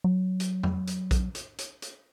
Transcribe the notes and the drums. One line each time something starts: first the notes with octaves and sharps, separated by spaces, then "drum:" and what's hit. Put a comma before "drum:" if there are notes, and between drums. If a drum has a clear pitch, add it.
F#3
drum: hi-hat
drum: tom F2
drum: hi-hat
drum: kick A#1, hi-hat
drum: hi-hat
drum: hi-hat
drum: hi-hat